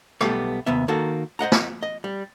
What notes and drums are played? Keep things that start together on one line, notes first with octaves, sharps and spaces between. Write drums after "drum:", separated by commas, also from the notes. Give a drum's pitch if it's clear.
B1 G3 A3 B3 G4, drum: rim click
D#2 C3 B3 E5
D#3 A#3 F#4 A4
C5 D#5 F#5 A#5
drum: snare
D#5
G3